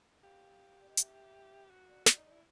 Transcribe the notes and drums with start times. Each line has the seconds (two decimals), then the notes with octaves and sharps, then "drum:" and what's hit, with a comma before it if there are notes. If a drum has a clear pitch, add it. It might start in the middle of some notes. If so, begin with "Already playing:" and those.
0.23 G4 F5
0.82 D5
0.89 D#5
0.97 E5, drum: hi-hat
1.70 F#4
1.89 D5
2.06 D5, drum: snare
2.18 D#4
2.26 E4 D5